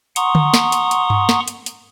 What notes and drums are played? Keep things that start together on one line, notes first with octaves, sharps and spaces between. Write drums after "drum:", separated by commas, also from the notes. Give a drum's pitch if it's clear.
F#5 A#5 C6 C#6 D#6, drum: hi-hat
drum: tom D3
drum: snare
drum: hi-hat
drum: hi-hat
drum: tom G2
drum: snare
drum: hi-hat
drum: hi-hat